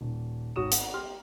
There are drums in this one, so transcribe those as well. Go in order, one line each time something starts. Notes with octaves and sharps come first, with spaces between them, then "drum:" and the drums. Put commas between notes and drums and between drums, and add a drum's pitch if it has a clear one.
D#1
G#1 F#4 C#5 D#6 E7
F#5, drum: hi-hat
G4 C6 F6